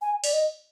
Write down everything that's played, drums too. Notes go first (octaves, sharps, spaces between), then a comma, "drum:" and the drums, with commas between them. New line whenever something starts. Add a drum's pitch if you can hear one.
G#5
D5, drum: open hi-hat
D#5